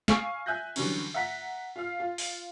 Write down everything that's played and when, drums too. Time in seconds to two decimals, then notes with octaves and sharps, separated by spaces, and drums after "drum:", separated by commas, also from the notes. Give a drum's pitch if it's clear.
0.08 F5 G#5 C#6 E6, drum: snare
0.46 E5 G#5 F#6 G6 A#6
0.76 D3 E3 F#3 G3 C#4, drum: cymbal
1.14 E5 F#5 A#5 B6
1.76 F4 F5
2.00 F4
2.18 drum: open hi-hat